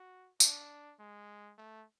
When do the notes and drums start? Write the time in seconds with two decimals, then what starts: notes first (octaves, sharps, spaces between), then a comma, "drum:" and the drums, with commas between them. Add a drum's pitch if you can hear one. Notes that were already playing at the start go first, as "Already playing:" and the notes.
Already playing: F#4
0.40 D4, drum: tambourine
0.99 G#3
1.58 A3